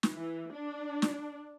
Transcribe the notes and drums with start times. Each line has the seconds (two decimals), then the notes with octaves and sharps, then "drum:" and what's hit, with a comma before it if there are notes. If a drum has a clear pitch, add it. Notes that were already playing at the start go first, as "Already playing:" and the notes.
0.03 drum: snare
0.15 E3
0.53 D4
1.02 drum: snare